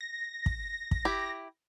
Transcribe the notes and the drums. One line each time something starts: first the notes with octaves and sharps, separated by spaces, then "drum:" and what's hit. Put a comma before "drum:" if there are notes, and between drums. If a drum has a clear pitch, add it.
A#6
drum: kick
drum: kick
E4 G4